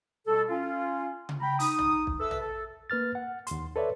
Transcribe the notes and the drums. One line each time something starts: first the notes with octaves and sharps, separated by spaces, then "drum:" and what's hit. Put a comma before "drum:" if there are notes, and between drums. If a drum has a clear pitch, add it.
B2 G3 A4
C#4 F4
drum: tom C#3
G5 A#5 B5
D#4 D#6, drum: open hi-hat
drum: tom A#1
drum: kick B1
A4 B4 E5 E6
drum: tom A#1
A4
A#3 B4 F6 A6
F#5
D#2 C6, drum: hi-hat
A4 B4 C#5 D5 E5